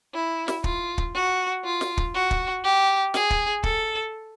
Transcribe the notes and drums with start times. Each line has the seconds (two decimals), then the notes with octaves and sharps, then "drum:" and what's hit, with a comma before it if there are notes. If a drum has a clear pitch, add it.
0.14 E4
0.48 drum: snare
0.64 F4, drum: kick
0.98 drum: kick
1.14 F#4
1.64 F4
1.81 drum: snare
1.98 drum: kick
2.15 F#4
2.31 drum: kick
2.64 G4
3.14 G#4, drum: snare
3.30 drum: kick
3.63 A4, drum: kick